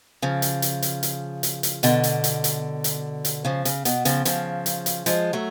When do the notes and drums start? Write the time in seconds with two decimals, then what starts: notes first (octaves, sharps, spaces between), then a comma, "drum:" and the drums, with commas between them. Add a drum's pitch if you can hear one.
0.22 C#3 F3
0.42 drum: hi-hat
0.62 drum: hi-hat
0.82 drum: hi-hat
1.03 drum: hi-hat
1.43 drum: hi-hat
1.63 drum: hi-hat
1.83 B2 D3, drum: hi-hat
2.03 drum: hi-hat
2.24 drum: hi-hat
2.44 drum: hi-hat
2.84 drum: hi-hat
3.25 drum: hi-hat
3.45 C#3 F3
3.65 C#3, drum: hi-hat
3.85 B2, drum: hi-hat
4.05 C#3 F3, drum: hi-hat
4.25 C#3 F3, drum: hi-hat
4.66 drum: hi-hat
4.86 drum: hi-hat
5.06 F3 G#3, drum: hi-hat
5.33 F#3 A3